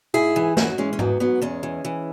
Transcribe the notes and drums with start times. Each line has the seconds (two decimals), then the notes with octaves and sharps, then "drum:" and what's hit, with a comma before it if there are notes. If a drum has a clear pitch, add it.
0.14 G#2 E4 G#4
0.36 E3
0.57 G#2 C#4 F#4, drum: snare
0.78 E3 G#3 C#4
0.93 C#4
0.99 G#2 F#3 B3, drum: tom G#2
1.20 G#2 F#3 B3
1.42 E2 G#3 C#4
1.63 E3
1.85 E3